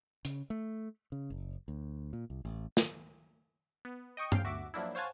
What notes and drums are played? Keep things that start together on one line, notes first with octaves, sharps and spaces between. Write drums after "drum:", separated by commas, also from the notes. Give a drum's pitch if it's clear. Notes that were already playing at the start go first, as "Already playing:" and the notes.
C#3, drum: hi-hat
A3
C#3
F#1
D2
A#2
C2
A1
drum: snare
B3
D#5 G5 C#6 D#6
F5 G5, drum: tom G2
D2 F#4 E5 D6
F3 F#3 A#3 D4 E4
C5 C#5 F5 F#5 G#5 A5